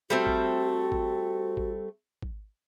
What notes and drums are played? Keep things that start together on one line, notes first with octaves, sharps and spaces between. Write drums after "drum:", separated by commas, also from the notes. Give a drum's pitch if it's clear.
G3 A3 C4 F#4
drum: kick G#1
drum: kick G#1
drum: kick G#1
drum: kick G#1